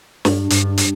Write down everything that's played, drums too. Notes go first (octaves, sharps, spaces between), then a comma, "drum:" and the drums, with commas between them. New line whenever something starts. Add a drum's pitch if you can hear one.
G2, drum: snare
G2, drum: hi-hat
drum: hi-hat